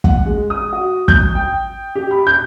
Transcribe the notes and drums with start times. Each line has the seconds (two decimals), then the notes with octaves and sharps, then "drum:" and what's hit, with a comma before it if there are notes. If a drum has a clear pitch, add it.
0.04 F#5, drum: kick
0.26 G#3
0.50 D#6
0.73 F#4
1.08 G6, drum: kick
1.35 G5
1.95 G4
2.11 B5
2.27 G6